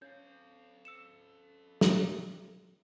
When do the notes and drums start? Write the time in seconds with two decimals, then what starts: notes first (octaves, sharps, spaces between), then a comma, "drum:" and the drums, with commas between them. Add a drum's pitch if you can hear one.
0.02 C#4 A4 F5 G6
0.85 E6 C#7 E7
1.81 drum: snare